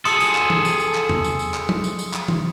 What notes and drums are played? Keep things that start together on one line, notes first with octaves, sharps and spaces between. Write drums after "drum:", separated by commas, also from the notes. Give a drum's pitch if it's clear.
G#4 A4 C6 D#6 C#7, drum: tambourine
drum: tambourine
drum: clap
drum: tom E3
drum: tambourine
drum: tambourine
drum: clap
drum: tom
drum: tambourine
drum: tambourine
drum: clap
drum: tom
drum: tambourine
drum: tambourine
drum: clap
drum: tom E3